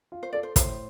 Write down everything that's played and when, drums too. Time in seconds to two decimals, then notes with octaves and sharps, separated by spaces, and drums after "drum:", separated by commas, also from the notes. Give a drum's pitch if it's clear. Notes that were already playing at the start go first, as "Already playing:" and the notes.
0.12 F4
0.23 C5
0.33 A4 D5
0.43 C5
0.56 A2 C5, drum: kick, hi-hat